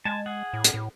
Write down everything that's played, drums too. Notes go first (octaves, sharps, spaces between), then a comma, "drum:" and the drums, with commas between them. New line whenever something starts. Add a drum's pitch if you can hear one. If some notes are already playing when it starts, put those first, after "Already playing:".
G#3 G#5 A5
G#4 F#5
A2
drum: hi-hat
A2